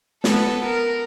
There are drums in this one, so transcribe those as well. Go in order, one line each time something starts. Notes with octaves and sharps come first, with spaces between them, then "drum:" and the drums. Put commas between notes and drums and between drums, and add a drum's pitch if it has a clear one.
B3 A4, drum: snare
A#4